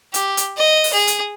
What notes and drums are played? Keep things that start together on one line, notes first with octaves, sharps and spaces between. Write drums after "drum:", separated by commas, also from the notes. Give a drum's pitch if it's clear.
G4, drum: hi-hat
drum: hi-hat
D#5
drum: open hi-hat
G#4
drum: hi-hat